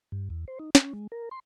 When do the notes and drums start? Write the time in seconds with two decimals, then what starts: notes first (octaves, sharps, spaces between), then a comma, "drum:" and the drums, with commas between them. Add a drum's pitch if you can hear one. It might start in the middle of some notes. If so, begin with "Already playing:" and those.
0.12 G2
0.30 E2
0.48 C5
0.59 D#4
0.75 C#4, drum: snare
0.93 G#3
1.12 A#4
1.31 C6